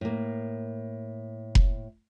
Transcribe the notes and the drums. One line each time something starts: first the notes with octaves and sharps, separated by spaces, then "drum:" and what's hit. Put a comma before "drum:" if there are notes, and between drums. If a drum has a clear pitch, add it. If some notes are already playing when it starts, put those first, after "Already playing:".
A2 A#3
drum: kick F1